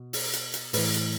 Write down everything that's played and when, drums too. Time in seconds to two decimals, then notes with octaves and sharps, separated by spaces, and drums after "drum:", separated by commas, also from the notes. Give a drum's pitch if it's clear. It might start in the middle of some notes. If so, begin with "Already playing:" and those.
Already playing: B2
0.13 drum: open hi-hat
0.33 drum: hi-hat
0.54 drum: hi-hat
0.73 A2 E3 B4, drum: open hi-hat
0.94 drum: hi-hat